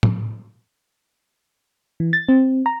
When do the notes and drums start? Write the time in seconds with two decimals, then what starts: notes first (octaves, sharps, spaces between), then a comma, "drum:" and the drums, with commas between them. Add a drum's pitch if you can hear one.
0.03 drum: tom
2.00 E3
2.13 A6
2.29 C4
2.66 A#5